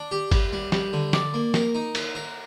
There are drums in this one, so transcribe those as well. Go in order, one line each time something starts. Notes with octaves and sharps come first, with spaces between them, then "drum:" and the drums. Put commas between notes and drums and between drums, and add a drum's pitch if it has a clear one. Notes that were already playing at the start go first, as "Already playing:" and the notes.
Already playing: D4
G4
G3, drum: kick, cymbal
G3
G3, drum: snare
D3
D5, drum: snare
A#3
A#4, drum: snare
D#4
A#4, drum: cymbal
A#4